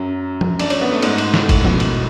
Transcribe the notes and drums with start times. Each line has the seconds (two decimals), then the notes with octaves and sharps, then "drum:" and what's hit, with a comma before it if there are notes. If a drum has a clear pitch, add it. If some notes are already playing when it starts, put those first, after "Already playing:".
Already playing: F#2 F#3
0.41 drum: tom F3
0.59 D4, drum: cymbal
0.70 C#4, drum: cymbal
0.81 B3
0.92 A3
1.02 G#2 G#3, drum: cymbal
1.18 drum: cymbal
1.34 A2 A3, drum: snare
1.49 drum: kick G#1, cymbal
1.65 B2 B3, drum: tom F3
1.80 drum: cymbal